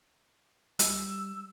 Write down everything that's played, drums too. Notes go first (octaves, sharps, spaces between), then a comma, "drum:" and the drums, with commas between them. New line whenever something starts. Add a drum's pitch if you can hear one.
G3 E6, drum: hi-hat